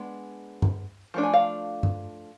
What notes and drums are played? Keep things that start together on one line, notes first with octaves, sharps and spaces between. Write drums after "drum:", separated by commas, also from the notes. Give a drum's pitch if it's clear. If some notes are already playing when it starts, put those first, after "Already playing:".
Already playing: G#3 B3 D4
drum: tom G2
F3 A3 D4
G#5
F5
drum: tom G2